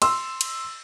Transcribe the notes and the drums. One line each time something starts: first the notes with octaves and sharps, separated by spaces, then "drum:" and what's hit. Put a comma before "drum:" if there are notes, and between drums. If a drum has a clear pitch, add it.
C6 E6, drum: cymbal
drum: cymbal